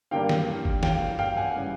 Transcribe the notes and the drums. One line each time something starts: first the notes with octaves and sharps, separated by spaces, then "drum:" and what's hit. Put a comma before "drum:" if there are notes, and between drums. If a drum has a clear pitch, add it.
G2 D3 G3 A#3 D4 F5 G5
drum: snare
drum: kick G1
F5 G5, drum: snare
F5 G5, drum: tom G2
F#5 G#5
C#3 E3 G3